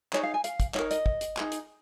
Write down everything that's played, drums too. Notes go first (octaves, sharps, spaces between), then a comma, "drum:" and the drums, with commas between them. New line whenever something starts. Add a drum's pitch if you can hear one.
D#4 G#4 C#5, drum: clap
F5
G#5
F5, drum: hi-hat
drum: kick, hi-hat
D#4 A#4 C#5, drum: clap
D#5, drum: hi-hat
drum: kick
drum: hi-hat
D#4 G#4, drum: clap
drum: hi-hat